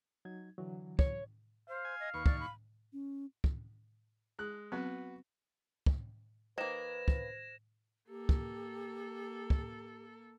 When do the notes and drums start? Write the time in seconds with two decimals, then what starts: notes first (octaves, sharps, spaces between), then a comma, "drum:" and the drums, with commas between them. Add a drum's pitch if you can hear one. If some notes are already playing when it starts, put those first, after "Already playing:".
0.25 F#3 D#4 G#6
0.58 D3 E3 F#3
0.99 C#5, drum: kick
1.68 C5 F5
1.85 G#5
2.00 D#5
2.14 D#2 B4 C#6
2.26 D5, drum: kick
2.40 B5
2.93 C#4
3.44 drum: kick
4.39 G#3 F#6
4.72 F#3 B3 C4 F#4 B4
5.86 drum: kick
6.58 D#3 A#3 B4 C5 G#6 A#6 E7
7.08 drum: kick
8.09 A#3 G4 A4
8.29 drum: kick
9.50 drum: kick